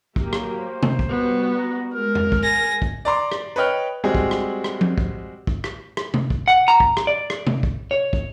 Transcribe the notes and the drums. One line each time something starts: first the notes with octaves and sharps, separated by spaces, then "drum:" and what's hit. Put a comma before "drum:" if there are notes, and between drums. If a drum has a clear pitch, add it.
F#3 A#3 G4, drum: kick
drum: rim click
C5
drum: tom C3
drum: kick
G3 B3 F#4
A#5
G#3 A#4 F6
drum: tom F2
drum: kick
G#5 A#6
drum: kick
D5 A#5 C6 D6
drum: rim click
B4 C#5 D#5 G5 F6 F#6
G3 G#3 C4 F#4 G#4
drum: kick
drum: rim click
drum: rim click
drum: tom F3
drum: kick
drum: kick
drum: rim click
drum: rim click
drum: tom C3
drum: kick
F#5
A#5
drum: kick
drum: rim click
D5
drum: rim click
drum: tom C3
drum: kick
C#5
drum: kick